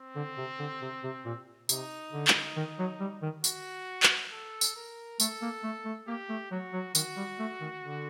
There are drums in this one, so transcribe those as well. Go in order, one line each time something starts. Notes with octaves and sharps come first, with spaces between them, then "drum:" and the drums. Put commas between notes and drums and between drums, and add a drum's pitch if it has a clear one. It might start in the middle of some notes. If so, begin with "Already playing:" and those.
Already playing: C4
D3
C3
D3
C3
C3
A#2
C3 D#4, drum: tambourine
D3
drum: clap
D#3
F#3
G3
D#3
F#4, drum: tambourine
drum: clap
A4
drum: tambourine
A#4
A3 A4, drum: tambourine
A#3
A3
A3
A#3 G4
A3
F#3 F#4
F#3
D#3 F#4, drum: tambourine
G3
A3
D#3
D3